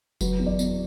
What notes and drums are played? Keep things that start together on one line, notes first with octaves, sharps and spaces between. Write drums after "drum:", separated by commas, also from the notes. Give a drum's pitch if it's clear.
F#3 B4, drum: kick F#1, tambourine
E2
D5
E2, drum: tambourine